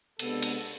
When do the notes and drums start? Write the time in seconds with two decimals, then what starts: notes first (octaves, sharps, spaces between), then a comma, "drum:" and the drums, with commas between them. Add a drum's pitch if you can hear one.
0.19 C3 G#3 B3 D4 A4, drum: cymbal
0.42 drum: cymbal